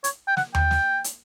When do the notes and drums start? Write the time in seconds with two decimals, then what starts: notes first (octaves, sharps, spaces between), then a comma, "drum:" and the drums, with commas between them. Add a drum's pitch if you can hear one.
0.04 C#5, drum: hi-hat
0.28 G5
0.37 F#5, drum: snare
0.55 G5, drum: tom D#2
0.71 drum: snare
1.04 drum: hi-hat